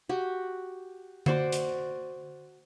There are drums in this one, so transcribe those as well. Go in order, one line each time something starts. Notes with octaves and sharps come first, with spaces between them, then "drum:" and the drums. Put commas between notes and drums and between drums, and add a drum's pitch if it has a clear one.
F#4 G4
F#4 C5 D5, drum: tom D3
drum: hi-hat